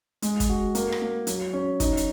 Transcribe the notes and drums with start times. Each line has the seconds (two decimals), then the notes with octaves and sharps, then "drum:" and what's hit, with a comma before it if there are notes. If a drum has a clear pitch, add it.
0.22 G#3, drum: hi-hat
0.40 drum: kick, hi-hat
0.49 F#4
0.75 A#3, drum: hi-hat
0.92 drum: rim click
1.01 A#3
1.27 F#3, drum: hi-hat
1.53 C#4
1.80 D#4, drum: kick, hi-hat
1.97 drum: hi-hat